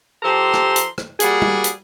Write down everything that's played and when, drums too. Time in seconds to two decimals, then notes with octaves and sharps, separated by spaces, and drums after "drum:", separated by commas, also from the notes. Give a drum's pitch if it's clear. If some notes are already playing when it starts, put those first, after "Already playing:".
0.23 F3 G4 A4 A#5 C6
0.54 drum: rim click
0.76 drum: hi-hat
0.98 drum: rim click
1.20 G3 A#3 F#4 G#4, drum: hi-hat
1.42 drum: tom
1.64 drum: hi-hat